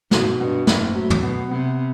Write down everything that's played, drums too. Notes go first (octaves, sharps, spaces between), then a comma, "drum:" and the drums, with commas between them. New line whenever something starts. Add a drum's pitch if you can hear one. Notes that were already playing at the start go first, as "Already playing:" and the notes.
G#2 B2, drum: snare
G2 B2
F#1 G#2, drum: snare
A2 F#3
drum: tom
B2 B3
C3 B3